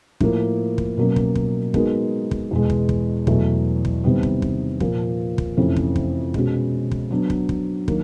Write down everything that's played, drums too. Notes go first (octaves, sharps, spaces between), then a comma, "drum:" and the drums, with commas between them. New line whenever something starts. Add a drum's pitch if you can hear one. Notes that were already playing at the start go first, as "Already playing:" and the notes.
A2 F3 A#3, drum: kick
drum: kick
B2 F#3 A#3 C#4
drum: kick
drum: kick
G#3 B3 D#4 F#4 A#4, drum: kick
drum: kick
E2 B2 G#3
drum: kick
drum: kick
E2 B2 F#3 A3, drum: kick
drum: kick
C3 D#3 G3 B3
drum: kick
drum: kick
A#2 F3 A#3, drum: kick
drum: kick
F2 C3 E3 A3 C#4
drum: kick
drum: kick
B2 G#3 C#4 F#4, drum: kick
drum: kick
F#3 B3 D4
drum: kick
drum: kick
D#3 F#3 A#3, drum: kick